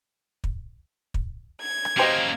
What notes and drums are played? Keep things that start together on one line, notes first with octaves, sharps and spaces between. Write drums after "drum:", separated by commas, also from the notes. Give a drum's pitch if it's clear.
drum: kick
drum: kick
G#6
drum: rim click
C#3 A#3 G4 C5 D#5